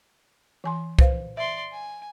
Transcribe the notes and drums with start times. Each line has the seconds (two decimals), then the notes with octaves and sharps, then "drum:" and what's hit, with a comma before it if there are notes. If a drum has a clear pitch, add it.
0.64 E3 G#5 C6
0.99 B4 C5 F5, drum: kick C2
1.37 D5 E5 C6
1.72 G#5